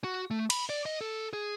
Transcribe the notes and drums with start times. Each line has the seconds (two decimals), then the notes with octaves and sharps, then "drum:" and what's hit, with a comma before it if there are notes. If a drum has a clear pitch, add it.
0.04 F#4
0.31 A3
0.50 B5, drum: cymbal
0.69 D5
0.86 D#5
1.01 A4
1.33 G#4